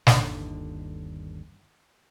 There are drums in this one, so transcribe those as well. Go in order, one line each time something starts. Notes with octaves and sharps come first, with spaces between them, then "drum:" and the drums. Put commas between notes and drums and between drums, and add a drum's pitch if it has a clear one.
G1 D#2 D3 D#3, drum: snare